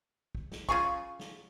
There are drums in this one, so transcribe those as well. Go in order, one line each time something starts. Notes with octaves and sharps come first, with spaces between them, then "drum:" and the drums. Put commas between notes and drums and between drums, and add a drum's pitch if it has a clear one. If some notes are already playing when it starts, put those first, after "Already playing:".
drum: kick
drum: snare
C#3 F4 G#4 C#6, drum: kick
drum: snare